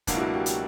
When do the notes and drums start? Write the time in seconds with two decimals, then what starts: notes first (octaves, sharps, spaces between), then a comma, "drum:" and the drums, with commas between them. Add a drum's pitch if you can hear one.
0.07 C#2 B2 F#3 A#3 D4, drum: kick, hi-hat
0.16 E4
0.20 F#4
0.34 G4
0.46 G4, drum: hi-hat